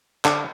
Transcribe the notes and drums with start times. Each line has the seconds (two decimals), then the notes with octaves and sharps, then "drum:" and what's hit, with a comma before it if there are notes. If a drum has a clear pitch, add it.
0.25 D3, drum: clap